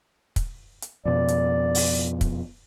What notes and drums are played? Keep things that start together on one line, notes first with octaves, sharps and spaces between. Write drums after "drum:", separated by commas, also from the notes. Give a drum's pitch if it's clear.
drum: kick, hi-hat
drum: hi-hat
F2 B2 D5
drum: hi-hat
drum: open hi-hat
drum: kick, hi-hat